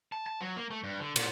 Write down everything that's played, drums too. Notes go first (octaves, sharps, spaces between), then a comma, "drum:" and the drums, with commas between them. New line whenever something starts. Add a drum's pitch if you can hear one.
A5
A5
F#3
A#3
A3
G2
D3
A#2, drum: cymbal